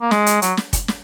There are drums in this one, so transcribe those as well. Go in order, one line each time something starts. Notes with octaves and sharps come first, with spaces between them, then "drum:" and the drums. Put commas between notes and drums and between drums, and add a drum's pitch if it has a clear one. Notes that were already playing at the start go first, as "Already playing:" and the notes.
A#3
G#3, drum: snare
drum: hi-hat
F#3, drum: hi-hat
drum: snare
drum: kick, hi-hat
drum: snare